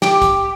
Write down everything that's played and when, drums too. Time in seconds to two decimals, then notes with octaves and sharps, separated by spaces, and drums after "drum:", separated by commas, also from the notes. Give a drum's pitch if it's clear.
0.02 G4, drum: snare
0.22 drum: kick, hi-hat